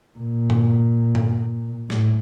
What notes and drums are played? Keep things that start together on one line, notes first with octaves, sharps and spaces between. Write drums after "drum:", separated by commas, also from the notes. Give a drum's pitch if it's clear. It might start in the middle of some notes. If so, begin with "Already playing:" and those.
A#2
drum: tom G2
drum: tom G2
A2, drum: snare